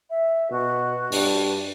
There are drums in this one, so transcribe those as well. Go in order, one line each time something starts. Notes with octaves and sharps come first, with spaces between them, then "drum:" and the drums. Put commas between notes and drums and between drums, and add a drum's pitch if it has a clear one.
E5
B2 F#4
G2, drum: open hi-hat